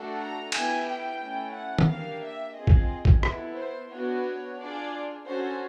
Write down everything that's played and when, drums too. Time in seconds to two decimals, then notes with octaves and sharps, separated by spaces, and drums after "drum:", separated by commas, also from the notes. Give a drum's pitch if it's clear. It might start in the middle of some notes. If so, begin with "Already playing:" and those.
Already playing: A3 D4 F#4 A4
0.19 A#5
0.52 B3 E4 G4 G#5, drum: cymbal
0.86 G5
1.20 A3 C#4 E4
1.53 F#5
1.79 drum: tom
1.88 A#3 D4 G4 F5
2.22 E5
2.55 C4 F4 G#4 D#5
2.67 drum: kick
3.05 drum: kick
3.23 B3 E4 A4, drum: rim click
3.56 C5
3.90 B3 D4 F#4 C#5
4.59 D4 F4 G#4 D5
5.26 C#4 F#4 A4 C5